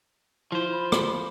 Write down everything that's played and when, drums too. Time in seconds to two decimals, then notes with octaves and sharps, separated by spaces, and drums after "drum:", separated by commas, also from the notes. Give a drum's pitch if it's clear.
0.52 F3 E4 C5
0.71 B5
0.92 drum: rim click